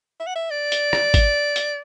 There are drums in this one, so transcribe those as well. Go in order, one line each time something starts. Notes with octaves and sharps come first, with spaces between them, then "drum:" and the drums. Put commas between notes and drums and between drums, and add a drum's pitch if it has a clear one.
E5
F#5
E5
D5
drum: hi-hat
drum: rim click
drum: kick G#1, hi-hat
drum: hi-hat